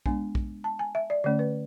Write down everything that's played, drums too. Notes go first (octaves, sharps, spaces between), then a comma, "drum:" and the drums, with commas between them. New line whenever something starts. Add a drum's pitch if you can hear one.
G#3 B3 D4 G#5, drum: kick
drum: kick
A5
G#5
E5
D5
D3 A3 C#4 D5
B4